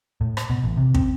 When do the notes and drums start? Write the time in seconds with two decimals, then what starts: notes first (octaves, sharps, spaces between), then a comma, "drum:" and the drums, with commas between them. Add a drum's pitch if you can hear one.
0.21 A2
0.37 drum: rim click
0.50 B2
0.64 A1
0.77 C3
0.95 C4, drum: kick